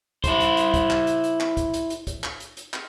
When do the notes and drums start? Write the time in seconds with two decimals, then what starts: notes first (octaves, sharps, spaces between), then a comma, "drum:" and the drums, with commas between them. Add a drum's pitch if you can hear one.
0.24 E4 C5, drum: kick, hi-hat
0.40 drum: hi-hat
0.57 drum: hi-hat
0.74 drum: kick, hi-hat
0.90 drum: clap
1.07 drum: hi-hat
1.24 drum: hi-hat
1.40 drum: clap
1.57 drum: kick, hi-hat
1.74 drum: hi-hat
1.90 drum: hi-hat
2.07 drum: kick, hi-hat
2.24 drum: clap
2.40 drum: hi-hat
2.57 drum: hi-hat
2.74 drum: clap